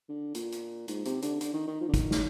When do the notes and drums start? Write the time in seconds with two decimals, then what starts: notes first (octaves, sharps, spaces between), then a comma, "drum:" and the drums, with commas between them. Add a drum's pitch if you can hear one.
0.09 D3
0.35 A#2, drum: hi-hat
0.52 drum: hi-hat
0.88 G#2, drum: hi-hat
1.05 C3, drum: hi-hat
1.22 D3, drum: hi-hat
1.41 D3, drum: hi-hat
1.53 D#3
1.67 D#3
1.81 F3
1.89 D3
1.94 D#3, drum: kick, hi-hat
2.11 drum: snare